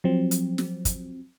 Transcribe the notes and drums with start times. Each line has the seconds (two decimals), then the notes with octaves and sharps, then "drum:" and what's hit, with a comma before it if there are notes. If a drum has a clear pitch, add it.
0.04 F3 F#3 C4
0.31 drum: hi-hat
0.58 drum: snare
0.85 drum: kick, hi-hat